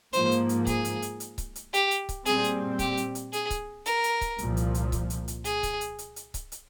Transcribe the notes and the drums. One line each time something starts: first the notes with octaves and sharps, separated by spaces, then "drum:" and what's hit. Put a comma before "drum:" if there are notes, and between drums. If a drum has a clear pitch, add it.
G#2 F3 A#3 C5, drum: hi-hat
drum: hi-hat
drum: hi-hat
G#4, drum: kick C#1, hi-hat
drum: hi-hat
drum: hi-hat
drum: hi-hat
drum: kick C#1, hi-hat
drum: hi-hat
G4, drum: hi-hat
drum: hi-hat
drum: kick C#1, hi-hat
A#2 G3 C4 G#4, drum: hi-hat
drum: hi-hat
G4, drum: kick C#1, hi-hat
drum: hi-hat
drum: hi-hat
G#4, drum: hi-hat
drum: kick C#1, hi-hat
A#4, drum: hi-hat
drum: hi-hat
drum: kick C#1, hi-hat
C2 A#2 F3, drum: hi-hat
drum: hi-hat
drum: hi-hat
drum: kick C#1, hi-hat
drum: hi-hat
drum: hi-hat
G#4, drum: hi-hat
drum: kick C#1, hi-hat
drum: hi-hat
drum: hi-hat
drum: hi-hat
drum: kick C#1, hi-hat
drum: hi-hat